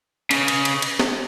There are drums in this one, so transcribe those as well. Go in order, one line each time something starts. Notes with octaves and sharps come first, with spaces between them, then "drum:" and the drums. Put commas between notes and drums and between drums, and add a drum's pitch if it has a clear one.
C#3, drum: cymbal
drum: cymbal
drum: cymbal
drum: cymbal
drum: snare